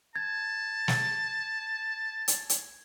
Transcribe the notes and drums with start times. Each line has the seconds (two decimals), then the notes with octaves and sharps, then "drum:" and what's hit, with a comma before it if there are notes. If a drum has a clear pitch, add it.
0.16 A5 G#6
0.88 drum: snare
2.28 drum: hi-hat
2.50 drum: hi-hat